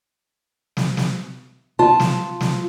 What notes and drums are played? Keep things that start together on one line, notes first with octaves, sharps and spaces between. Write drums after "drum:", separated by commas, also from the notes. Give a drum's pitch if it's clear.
drum: snare
drum: snare
F4 A5
drum: snare
drum: snare